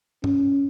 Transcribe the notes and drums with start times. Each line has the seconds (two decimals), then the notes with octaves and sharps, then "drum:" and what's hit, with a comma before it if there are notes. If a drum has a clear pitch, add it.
0.24 C#4, drum: tom G2